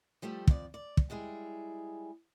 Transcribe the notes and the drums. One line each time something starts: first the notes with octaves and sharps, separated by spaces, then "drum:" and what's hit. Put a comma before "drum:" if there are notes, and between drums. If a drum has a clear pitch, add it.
F3 G3 A3 G4 A4
F2 D5, drum: kick
D5
drum: kick
G3 G#3 E4 G#4